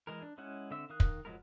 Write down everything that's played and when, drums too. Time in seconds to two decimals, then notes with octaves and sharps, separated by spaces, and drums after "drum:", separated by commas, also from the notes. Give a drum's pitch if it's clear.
0.07 E3 G#3 G#4 A#4
0.22 D4
0.38 G#3 C#4 E4 F#5
0.71 D3 C4 E5 E6
0.90 D#3 A#4 F5 D#6 F#6
1.00 drum: kick
1.25 F3 F#3 G#3 B3 A#4